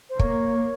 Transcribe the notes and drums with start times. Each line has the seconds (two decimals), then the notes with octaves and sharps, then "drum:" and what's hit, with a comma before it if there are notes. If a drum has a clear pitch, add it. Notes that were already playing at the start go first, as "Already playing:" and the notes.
0.10 C5
0.19 A#3 C#5, drum: kick